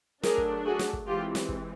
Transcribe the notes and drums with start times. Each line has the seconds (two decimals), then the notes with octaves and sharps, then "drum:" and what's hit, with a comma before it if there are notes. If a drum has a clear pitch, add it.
0.23 F#3 A3 D4 G#4 A#4, drum: snare
0.38 drum: kick
0.65 F#4 G#4
0.79 drum: snare
0.93 drum: kick
1.06 E3 G#3 C4 F4 G4
1.35 drum: snare
1.49 drum: kick